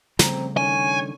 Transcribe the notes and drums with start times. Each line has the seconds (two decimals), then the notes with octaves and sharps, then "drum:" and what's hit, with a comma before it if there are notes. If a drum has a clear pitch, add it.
0.19 F2 C#3 G3 A3 C4 A#5, drum: snare
0.57 D3 D#3 C#4 C#5 G#5